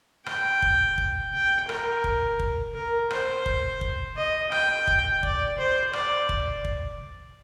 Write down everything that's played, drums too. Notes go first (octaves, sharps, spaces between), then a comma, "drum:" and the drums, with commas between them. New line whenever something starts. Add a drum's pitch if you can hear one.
G5, drum: rim click
drum: kick
drum: kick
G5
A#4, drum: rim click
drum: kick
drum: kick
A#4
C5, drum: rim click
drum: kick
drum: kick
D#5
G5, drum: rim click
drum: kick
D5, drum: kick
C5
D5, drum: rim click
drum: kick
drum: kick